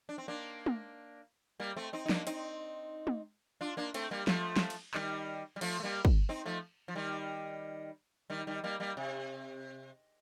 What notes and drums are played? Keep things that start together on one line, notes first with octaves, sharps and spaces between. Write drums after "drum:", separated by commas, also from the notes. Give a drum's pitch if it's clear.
D4
C4
A#3 D4
drum: tom
G3 A#3
A3 C4
C4 D#4
D#4
A#3 D4, drum: snare
C4 D#4, drum: hi-hat
drum: tom
D4 F4
A#3 D4
A3 C4, drum: cymbal
G3 A#3
F3 A3, drum: snare
drum: snare
drum: cymbal
D#3 G3, drum: clap
G3
F3 A3, drum: cymbal
A3
G3 A#3
drum: kick
C4 D#4
F3 A3
F3
D#3 G3
D#3 G3
D#3 G3
G3 A#3
G3 A#3
C3